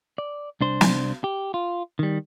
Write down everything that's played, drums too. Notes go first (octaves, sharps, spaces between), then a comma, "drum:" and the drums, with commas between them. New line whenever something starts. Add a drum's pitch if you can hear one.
D5
C2 D4 C5
drum: snare
G4
F4
D#3 G3